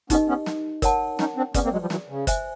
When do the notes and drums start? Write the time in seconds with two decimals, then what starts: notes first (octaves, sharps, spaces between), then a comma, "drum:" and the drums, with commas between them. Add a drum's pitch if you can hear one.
0.10 B3 C#4 D#4 G4 A#4 D#5, drum: kick G1, hi-hat
0.28 B3 C#4
0.46 drum: snare
0.82 A#4 C#5 F#5 A5, drum: kick G1, hi-hat
1.19 C#4 D#4, drum: snare
1.37 C4 D4
1.54 B3 C#4 G#4 B4 D5, drum: kick G1, hi-hat
1.64 A#3 C4
1.72 F#3 G#3
1.81 F3 G3
1.90 E3 F#3, drum: snare
2.09 C#3
2.27 C5 E5 G#5, drum: kick G1, hi-hat